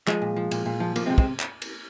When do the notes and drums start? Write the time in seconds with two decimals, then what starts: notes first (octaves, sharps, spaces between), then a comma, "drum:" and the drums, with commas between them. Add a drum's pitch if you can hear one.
0.07 F3 G#3, drum: clap
0.22 A#2
0.36 F3
0.51 A#2, drum: cymbal
0.66 A#2
0.80 F3
0.96 F3 A#3, drum: cymbal
1.06 G#3 C4
1.10 C3
1.18 G#3 C4, drum: kick
1.40 drum: clap
1.62 drum: cymbal